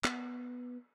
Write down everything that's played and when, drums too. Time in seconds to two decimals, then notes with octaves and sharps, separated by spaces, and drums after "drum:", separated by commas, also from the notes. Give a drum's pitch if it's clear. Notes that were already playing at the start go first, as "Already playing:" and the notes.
0.04 B3, drum: clap